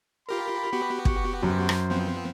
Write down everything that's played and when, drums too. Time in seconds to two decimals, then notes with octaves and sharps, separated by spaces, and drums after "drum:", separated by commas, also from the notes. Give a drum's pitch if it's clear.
0.29 F4 G4 A#4 B5
0.73 B3 F#4 G4
1.05 C#6, drum: kick
1.43 F#2 C5
1.69 drum: rim click
1.90 F3 B3 C4